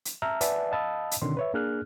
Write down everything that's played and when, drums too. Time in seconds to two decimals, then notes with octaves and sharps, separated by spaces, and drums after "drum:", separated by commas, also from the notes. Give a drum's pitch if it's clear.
0.05 drum: hi-hat
0.22 E5 A5 A#5 E6 F6
0.41 B4 D5 E5 F#5 G#5 A5, drum: hi-hat
0.72 D#5 F5 A5 B5 D#6 E6
1.11 drum: hi-hat
1.22 B2 D3 D#3 C#4 C6
1.37 B4 C#5 E5
1.54 A#3 D4 G#4 F6 F#6